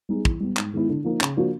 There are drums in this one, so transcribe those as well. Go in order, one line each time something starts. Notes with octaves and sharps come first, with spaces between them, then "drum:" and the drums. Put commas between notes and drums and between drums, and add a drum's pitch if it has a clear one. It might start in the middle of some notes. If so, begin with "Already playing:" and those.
G3 B3 D#4 G#4
E3, drum: kick
G3 B3
G#2, drum: clap
D#3 G#3 B3 E4
D3
F3 A#3 D#4
C#3, drum: clap
F3 A#3 D4 F#4